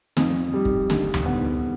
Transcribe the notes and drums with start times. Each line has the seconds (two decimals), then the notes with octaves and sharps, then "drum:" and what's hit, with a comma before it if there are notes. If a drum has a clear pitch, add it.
0.17 F2, drum: snare
0.54 G3
0.65 drum: kick
0.90 D3, drum: snare
1.14 drum: tom D2
1.26 B3